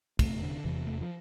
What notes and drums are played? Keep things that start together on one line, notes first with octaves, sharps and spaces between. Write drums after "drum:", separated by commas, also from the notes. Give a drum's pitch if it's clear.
F1 E2 C3 A3, drum: kick, cymbal
D3
F1 E2 C3 E3
A3
F3